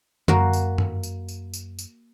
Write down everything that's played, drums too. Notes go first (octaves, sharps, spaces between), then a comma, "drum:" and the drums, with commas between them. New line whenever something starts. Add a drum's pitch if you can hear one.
F#2 A#3 F#4, drum: tom D3
drum: tambourine
drum: tom G2
drum: tambourine
drum: tambourine
drum: tambourine
drum: tambourine